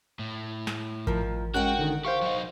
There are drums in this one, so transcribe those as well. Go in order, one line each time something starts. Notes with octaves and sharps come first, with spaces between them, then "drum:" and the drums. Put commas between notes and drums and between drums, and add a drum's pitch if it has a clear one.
A2
drum: snare
D#3 F3 A#4, drum: kick A1
G#3 C#4 F#4 A#4 F#5 G5 F#6
D3 D#3
G4 C5 F5 C#6
F#3 D#4